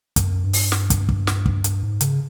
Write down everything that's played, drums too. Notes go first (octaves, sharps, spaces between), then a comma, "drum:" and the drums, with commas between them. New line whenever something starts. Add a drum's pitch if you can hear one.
F#2, drum: kick, hi-hat
G2
drum: open hi-hat
drum: snare
drum: kick, hi-hat
drum: kick
drum: snare
drum: kick
drum: hi-hat
G#2
C#3, drum: hi-hat